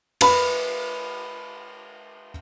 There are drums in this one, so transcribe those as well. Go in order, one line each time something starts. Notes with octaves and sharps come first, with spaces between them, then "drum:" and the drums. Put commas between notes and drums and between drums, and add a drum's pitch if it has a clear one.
B4 B5, drum: cymbal